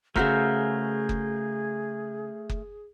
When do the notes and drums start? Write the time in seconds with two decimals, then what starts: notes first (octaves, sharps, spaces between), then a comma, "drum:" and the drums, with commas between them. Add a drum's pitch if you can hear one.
0.16 C#3 A3 F#4 G#4 A#4 C5 E5, drum: kick F#1
1.09 drum: kick F#1
2.49 drum: kick F#1